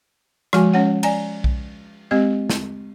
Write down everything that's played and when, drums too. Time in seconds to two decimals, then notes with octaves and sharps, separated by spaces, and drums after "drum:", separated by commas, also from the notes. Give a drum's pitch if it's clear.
0.53 F3 G#3 F#4 G#5, drum: rim click
0.73 G#3 C#4 C#5 F#5
1.03 D5 G#5 A#5, drum: cymbal
1.44 drum: kick B1
2.11 G#3 C4 G4 D#5
2.50 drum: snare